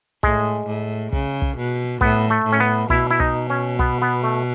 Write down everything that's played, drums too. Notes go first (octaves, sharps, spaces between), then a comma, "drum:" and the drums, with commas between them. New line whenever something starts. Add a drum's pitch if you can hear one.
A2 G#3, drum: kick
A2
C#3, drum: kick
drum: kick
B2
A2 B3, drum: kick
A3
A2
C#4
B3
B2 E4, drum: kick
E4
D#4, drum: kick
C#4
B3, drum: kick
B3
A3